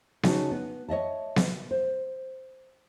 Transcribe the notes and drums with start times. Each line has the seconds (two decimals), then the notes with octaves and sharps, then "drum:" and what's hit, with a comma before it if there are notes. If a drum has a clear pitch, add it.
0.23 C#3 D#4 F#4 G#5 A5, drum: snare B3
0.51 B3
0.89 C#5 D#5 E5 A5
1.36 drum: snare B3
1.71 C5